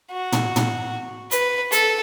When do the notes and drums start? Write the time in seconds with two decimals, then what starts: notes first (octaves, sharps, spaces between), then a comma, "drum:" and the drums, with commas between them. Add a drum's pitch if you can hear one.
0.11 F#4
0.32 drum: tom
0.56 drum: tom
1.31 B4, drum: hi-hat
1.72 A4, drum: hi-hat